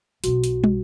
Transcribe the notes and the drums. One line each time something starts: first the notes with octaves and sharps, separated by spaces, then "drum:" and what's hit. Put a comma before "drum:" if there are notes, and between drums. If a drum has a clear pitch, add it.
B1 B2 F#4, drum: hi-hat
drum: hi-hat
drum: tom